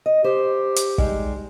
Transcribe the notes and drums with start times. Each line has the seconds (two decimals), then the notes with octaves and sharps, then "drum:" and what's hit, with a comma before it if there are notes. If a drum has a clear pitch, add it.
0.06 D#5
0.24 G4 C5
0.76 drum: hi-hat
0.98 G3 G#3 D#4, drum: kick